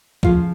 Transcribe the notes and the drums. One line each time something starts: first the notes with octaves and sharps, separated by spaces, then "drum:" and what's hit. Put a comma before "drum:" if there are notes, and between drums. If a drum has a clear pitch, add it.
C#3 F3 F4 F5, drum: kick